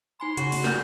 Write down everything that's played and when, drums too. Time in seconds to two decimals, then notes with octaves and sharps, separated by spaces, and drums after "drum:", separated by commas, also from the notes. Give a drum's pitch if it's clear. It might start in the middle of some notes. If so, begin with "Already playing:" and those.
0.20 D#4 G#5 B5 C6
0.37 C#3 F#4, drum: hi-hat
0.52 A3, drum: open hi-hat
0.64 C#5 F#5 G6, drum: snare